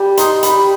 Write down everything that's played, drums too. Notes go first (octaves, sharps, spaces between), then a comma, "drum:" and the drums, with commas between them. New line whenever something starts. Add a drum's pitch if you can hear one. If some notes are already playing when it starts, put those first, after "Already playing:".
Already playing: G3 G5
D#4 C6, drum: hi-hat
B5, drum: hi-hat
G3